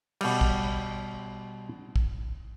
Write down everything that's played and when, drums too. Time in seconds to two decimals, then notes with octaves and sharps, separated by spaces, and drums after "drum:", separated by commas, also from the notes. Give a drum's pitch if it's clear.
0.21 B2 G3, drum: cymbal
0.41 drum: kick
1.96 drum: kick